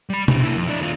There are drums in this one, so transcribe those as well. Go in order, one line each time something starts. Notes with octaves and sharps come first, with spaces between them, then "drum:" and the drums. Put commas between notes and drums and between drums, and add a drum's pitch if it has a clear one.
G3 B5
B2 G4, drum: tom C3
A#3 E4
F2
D4 E4
D#2 F4